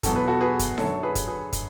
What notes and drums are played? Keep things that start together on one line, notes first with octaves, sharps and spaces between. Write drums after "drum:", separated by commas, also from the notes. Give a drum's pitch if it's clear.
E2 B2 F#3 A4, drum: kick, hi-hat
B4
F#4 A4
G#4 B4
drum: kick, hi-hat
F#2 D3 F#3 A4 C#5, drum: snare D#4
G#4 B4
drum: kick, hi-hat
G#4 B4
drum: kick, hi-hat